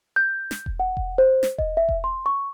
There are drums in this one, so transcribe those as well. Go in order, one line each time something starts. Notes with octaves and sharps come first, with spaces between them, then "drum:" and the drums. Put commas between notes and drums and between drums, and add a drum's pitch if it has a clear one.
G6
drum: snare
drum: kick E1
F#5
drum: kick E1
C5
drum: snare
D#5, drum: kick E1
E5
drum: kick E1
C6
C#6